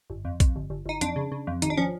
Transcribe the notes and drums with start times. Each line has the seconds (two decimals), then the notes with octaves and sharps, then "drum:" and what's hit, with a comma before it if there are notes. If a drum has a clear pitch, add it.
0.10 G1
0.25 F2
0.40 F2, drum: kick A#1, hi-hat
0.56 G1
0.70 G1
0.86 G1 D#4
1.01 F2 D4, drum: hi-hat
1.16 C#3
1.32 C#3
1.47 F2
1.62 G#1 D#4, drum: hi-hat
1.70 D4
1.77 F3 C#4